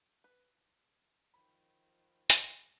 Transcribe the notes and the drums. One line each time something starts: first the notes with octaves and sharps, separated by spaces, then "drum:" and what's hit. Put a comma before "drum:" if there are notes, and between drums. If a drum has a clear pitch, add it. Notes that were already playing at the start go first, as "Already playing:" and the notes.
B4
D#3 F3 B5
drum: hi-hat